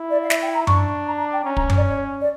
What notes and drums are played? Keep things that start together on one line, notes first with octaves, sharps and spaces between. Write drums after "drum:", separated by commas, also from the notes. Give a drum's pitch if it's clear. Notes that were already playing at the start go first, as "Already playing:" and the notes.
Already playing: E4
D5
F5
E5, drum: snare
G5
A#5
D4 C#6, drum: tom F#2
A#5
A#5
G5
C#4 A#5
A#5, drum: kick
C#5, drum: tom F#2
D5
C#5
D5